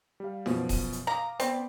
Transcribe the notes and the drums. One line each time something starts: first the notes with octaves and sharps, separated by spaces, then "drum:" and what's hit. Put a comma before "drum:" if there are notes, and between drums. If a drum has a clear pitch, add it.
G3 F5
F#2 B2 F3, drum: snare D#4
drum: kick D#1, open hi-hat
drum: hi-hat
F5 A#5 D6 D#6
B3 C4 D5 B5, drum: hi-hat